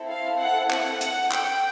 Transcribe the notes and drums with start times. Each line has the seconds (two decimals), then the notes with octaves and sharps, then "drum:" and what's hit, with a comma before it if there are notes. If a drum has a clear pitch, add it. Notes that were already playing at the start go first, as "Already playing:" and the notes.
Already playing: C4 E4 A4
0.09 F5
0.39 F#5
0.70 F#5, drum: clap
1.01 F#5, drum: hi-hat
1.32 G5, drum: clap